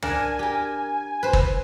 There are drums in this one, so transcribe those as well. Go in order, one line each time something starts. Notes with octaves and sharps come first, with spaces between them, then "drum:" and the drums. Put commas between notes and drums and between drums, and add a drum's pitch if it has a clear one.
D4 A#4 G#5, drum: tom
G4 A#4
B4 C5
drum: kick